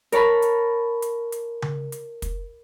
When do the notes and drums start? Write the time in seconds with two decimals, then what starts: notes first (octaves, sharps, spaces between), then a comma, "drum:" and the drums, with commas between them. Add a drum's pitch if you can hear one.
0.12 A#4 C#5 A5 B5, drum: hi-hat
0.42 drum: hi-hat
1.02 drum: hi-hat
1.32 drum: hi-hat
1.62 drum: tom C#3
1.92 drum: hi-hat
2.22 drum: kick, hi-hat